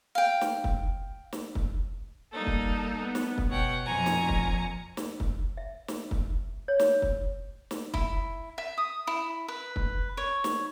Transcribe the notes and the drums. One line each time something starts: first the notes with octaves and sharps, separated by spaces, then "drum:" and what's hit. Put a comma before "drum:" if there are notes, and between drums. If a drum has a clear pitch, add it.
F5 G5
drum: snare
drum: kick
drum: snare
drum: kick
G3 A#3 D#4 A4
drum: kick
B3
drum: snare
drum: kick
B2 C#5 F#5 G5
F2 A#2 G#5 A#5 C#6
drum: snare
drum: kick
drum: snare
drum: kick
E5
drum: snare
drum: kick
C#5
drum: snare
drum: kick
drum: snare
E4, drum: kick
E5
D#6
E4
B4
drum: kick
C#5
drum: snare